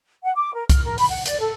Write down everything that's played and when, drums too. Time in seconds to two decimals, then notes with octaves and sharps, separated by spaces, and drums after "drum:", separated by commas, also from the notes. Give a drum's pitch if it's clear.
0.24 F#5
0.36 D6
0.54 A#4
0.69 F6, drum: kick C2, hi-hat
0.85 A#4
0.98 B5, drum: open hi-hat
1.10 F#5
1.25 D5, drum: hi-hat
1.41 A4